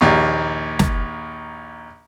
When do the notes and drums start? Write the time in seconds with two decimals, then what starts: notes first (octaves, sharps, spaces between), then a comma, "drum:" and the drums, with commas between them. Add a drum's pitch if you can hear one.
0.01 A#1 D#2
0.79 drum: snare